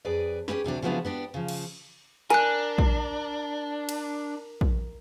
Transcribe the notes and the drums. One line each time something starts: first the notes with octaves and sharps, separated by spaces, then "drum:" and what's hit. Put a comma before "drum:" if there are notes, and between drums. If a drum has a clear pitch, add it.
F2 G#4 B4 D5
C#4 G4 G#4 B4, drum: snare
D2 C3 F#3 D4
C#3 F3 F#3 B3 D4 E4
B3 D4 G4
C#3 F3
drum: cymbal
D4 A#4 G#5 F#6, drum: hi-hat
drum: kick
drum: cymbal
drum: kick